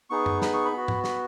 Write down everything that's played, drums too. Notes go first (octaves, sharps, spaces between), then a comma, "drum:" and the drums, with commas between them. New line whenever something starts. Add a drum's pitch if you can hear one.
B3 D#4 G#4 C#6
drum: tom F#2
B5, drum: snare
C#6
B5
B3 F#4
drum: tom G#2
B5, drum: snare